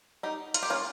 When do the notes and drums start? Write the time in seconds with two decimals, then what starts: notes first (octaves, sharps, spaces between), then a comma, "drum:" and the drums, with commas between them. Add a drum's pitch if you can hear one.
0.23 D#4 G4
0.54 F4, drum: hi-hat
0.63 G4
0.70 C#4 F4